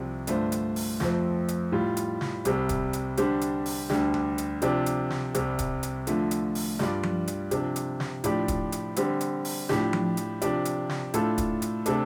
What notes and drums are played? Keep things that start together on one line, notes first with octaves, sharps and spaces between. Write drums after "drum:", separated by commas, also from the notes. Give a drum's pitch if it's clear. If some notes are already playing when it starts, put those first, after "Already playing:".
Already playing: C2 C3 F3
G2 D3 A3 F4 C5, drum: hi-hat
drum: hi-hat
drum: open hi-hat
F2 F3 A3 C4, drum: snare
drum: hi-hat
A2 G3 F4
drum: hi-hat
drum: snare
C2 C3 G3, drum: hi-hat
drum: kick, hi-hat
drum: hi-hat
D3 G3 D4 G4 C5, drum: hi-hat
drum: hi-hat
drum: open hi-hat
D2 D3 G3 D4 G4, drum: snare
drum: tom D2
drum: hi-hat
C3 F3 D4 G4 D5, drum: hi-hat
drum: hi-hat
drum: snare
C2 C3 G3, drum: hi-hat
drum: kick, hi-hat
drum: hi-hat
D3 F3 A3, drum: hi-hat
drum: hi-hat
drum: open hi-hat
G2 G3 F4 D5, drum: snare
drum: tom F3
drum: hi-hat
C3 F3 D4, drum: hi-hat
drum: hi-hat
drum: snare
A2 F3 D4 G4 D5, drum: hi-hat
drum: kick, hi-hat
drum: hi-hat
D3 G3 C4 G4, drum: hi-hat
drum: hi-hat
drum: open hi-hat
A2 F3 D4 G4, drum: snare
drum: tom F3
drum: hi-hat
C3 F3 D4 G4 D5, drum: hi-hat
drum: hi-hat
drum: snare
A2 A3 D4 F4 A4, drum: hi-hat
drum: kick, hi-hat
drum: hi-hat
C3 A3 D4 A4, drum: hi-hat